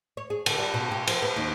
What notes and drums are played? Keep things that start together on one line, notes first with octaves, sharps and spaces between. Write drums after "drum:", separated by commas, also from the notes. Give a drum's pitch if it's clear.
C#5
G#4
D3, drum: cymbal
G3
B2
G4
F3, drum: cymbal
B3
D#2